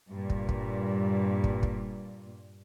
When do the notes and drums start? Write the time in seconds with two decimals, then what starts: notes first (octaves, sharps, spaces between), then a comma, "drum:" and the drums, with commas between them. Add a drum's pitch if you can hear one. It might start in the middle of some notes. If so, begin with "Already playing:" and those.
0.11 G2 A#2
0.30 drum: kick
0.49 drum: kick
1.44 drum: kick
1.63 drum: kick